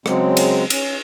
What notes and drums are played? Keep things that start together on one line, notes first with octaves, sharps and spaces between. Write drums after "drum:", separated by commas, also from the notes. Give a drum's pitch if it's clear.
C#3 F#3 G#3 C4, drum: rim click
drum: cymbal
C#4, drum: cymbal